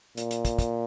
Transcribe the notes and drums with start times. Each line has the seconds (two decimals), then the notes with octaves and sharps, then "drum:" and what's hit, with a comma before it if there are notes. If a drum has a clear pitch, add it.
0.17 A#2, drum: hi-hat
0.31 drum: hi-hat
0.45 drum: kick, hi-hat
0.59 drum: kick, hi-hat